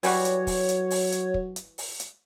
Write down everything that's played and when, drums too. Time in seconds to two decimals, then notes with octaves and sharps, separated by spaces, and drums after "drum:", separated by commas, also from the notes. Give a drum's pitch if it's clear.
0.03 E3 F#3 G3 F#4 C#5, drum: open hi-hat
0.25 drum: hi-hat
0.47 drum: kick, open hi-hat
0.69 drum: hi-hat
0.91 drum: open hi-hat
1.12 drum: hi-hat
1.34 drum: kick
1.56 drum: hi-hat
1.78 drum: open hi-hat
2.00 drum: hi-hat